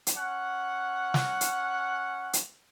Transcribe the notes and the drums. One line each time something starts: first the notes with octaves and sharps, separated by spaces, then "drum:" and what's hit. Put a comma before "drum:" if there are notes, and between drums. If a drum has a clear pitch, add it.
drum: hi-hat
C#4 F#5
drum: snare
drum: hi-hat
drum: hi-hat